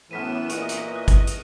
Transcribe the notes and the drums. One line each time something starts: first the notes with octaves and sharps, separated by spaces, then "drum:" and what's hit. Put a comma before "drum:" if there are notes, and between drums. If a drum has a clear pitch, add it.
F#2 A2 E3 B3 F6 B6 D#7 E7
A#2 D#5 C#6 F#6, drum: hi-hat
drum: hi-hat
F#6
drum: kick, hi-hat
drum: hi-hat